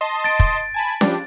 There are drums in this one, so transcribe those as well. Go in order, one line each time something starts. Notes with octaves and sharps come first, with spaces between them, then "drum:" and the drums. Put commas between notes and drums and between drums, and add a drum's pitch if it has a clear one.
D#5 A5 C6
A6 D7
drum: kick
G#5 A5 B5
F3 G3 D4, drum: snare C#4